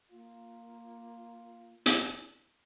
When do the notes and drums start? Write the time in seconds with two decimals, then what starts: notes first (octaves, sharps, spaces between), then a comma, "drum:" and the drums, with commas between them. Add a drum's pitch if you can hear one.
0.12 A#3 F4
1.86 drum: hi-hat